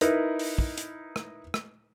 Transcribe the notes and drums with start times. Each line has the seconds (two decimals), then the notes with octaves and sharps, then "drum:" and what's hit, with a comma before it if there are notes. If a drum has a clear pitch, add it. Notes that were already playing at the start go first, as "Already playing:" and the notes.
0.01 D#4 E4 A#4 B4, drum: hi-hat
0.39 drum: open hi-hat
0.58 drum: kick
0.78 drum: hi-hat
1.16 drum: rim click
1.54 drum: rim click